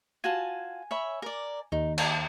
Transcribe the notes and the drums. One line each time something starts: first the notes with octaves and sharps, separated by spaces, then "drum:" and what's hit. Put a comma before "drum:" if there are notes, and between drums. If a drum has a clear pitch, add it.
F4 F#4 G#5 A5
C#5 E5 B5
A#4 D5
D#2 D#4
A5, drum: cymbal